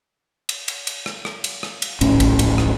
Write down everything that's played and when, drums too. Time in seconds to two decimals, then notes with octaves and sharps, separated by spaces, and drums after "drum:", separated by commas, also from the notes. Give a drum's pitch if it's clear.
0.49 drum: cymbal
0.68 drum: cymbal
0.87 drum: cymbal
1.06 drum: rim click
1.25 drum: rim click
1.44 drum: cymbal
1.63 drum: rim click
1.82 drum: cymbal
2.01 D1 A#1 A2 C#4, drum: cymbal
2.20 drum: kick, cymbal
2.39 drum: cymbal
2.58 drum: rim click